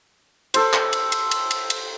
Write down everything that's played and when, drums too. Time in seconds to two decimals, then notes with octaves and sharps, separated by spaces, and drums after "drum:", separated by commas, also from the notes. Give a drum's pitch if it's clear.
0.54 A4 C5, drum: cymbal
0.73 drum: clap
0.93 drum: cymbal
1.12 drum: cymbal
1.31 drum: cymbal
1.51 drum: cymbal
1.70 drum: cymbal